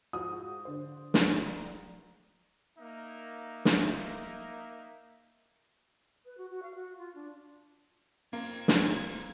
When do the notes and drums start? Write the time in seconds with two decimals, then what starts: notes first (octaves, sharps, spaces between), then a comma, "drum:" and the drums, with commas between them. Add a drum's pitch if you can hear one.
0.13 G#2 F3 F#4 D#6
0.65 D3 C5
1.14 drum: snare
1.46 A#1 A#5
2.77 A#3 D#4 E5
3.65 drum: snare
6.25 B4
6.38 F#4
6.50 F#4
6.63 F5
6.75 F#4
6.98 F4
7.15 D4
8.33 A#3 C4 F4 G#6
8.68 drum: snare